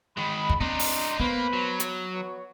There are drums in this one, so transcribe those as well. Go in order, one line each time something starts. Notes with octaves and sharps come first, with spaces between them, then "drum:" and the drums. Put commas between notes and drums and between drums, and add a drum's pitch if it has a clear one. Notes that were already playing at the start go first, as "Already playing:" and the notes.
D#3 G#3 B5
drum: kick
C4 D4 D#4 A#5 C6
drum: open hi-hat
A#3 B3 B4 C5 B5
F#3
drum: hi-hat
B3 F#4 C#5